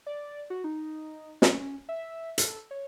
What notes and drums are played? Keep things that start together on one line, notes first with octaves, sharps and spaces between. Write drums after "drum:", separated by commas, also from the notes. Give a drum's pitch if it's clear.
D5
F#4
D#4
C#4, drum: snare
E5
A4, drum: hi-hat
C#5